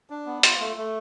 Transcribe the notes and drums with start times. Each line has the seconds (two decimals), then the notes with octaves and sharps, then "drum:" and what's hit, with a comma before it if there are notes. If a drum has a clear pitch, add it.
0.10 D4
0.26 B3
0.43 F4, drum: hi-hat
0.60 A3
0.76 A3